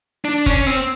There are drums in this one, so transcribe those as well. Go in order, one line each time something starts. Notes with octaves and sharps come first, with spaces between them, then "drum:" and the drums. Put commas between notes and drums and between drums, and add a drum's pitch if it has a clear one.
D4
C#4, drum: kick F1, hi-hat
C4, drum: hi-hat